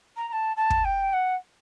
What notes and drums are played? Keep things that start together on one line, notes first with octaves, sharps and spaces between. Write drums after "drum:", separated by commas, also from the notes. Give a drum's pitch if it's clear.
A#5
A#5
A5
A5
drum: kick
G5
F#5